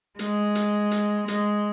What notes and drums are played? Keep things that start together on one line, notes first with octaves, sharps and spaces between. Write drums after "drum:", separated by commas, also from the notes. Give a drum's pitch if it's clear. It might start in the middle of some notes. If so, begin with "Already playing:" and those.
G#3, drum: hi-hat
drum: hi-hat
drum: hi-hat
G#3, drum: hi-hat